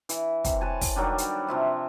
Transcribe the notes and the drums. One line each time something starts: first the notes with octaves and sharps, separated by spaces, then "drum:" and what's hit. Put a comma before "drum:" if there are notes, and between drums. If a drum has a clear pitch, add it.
E3, drum: hi-hat
C3, drum: kick, hi-hat
B4 C#5 G#5 A5
drum: kick, open hi-hat
D#3 F#3 G3 D4
drum: hi-hat
C3 F3 E5 F5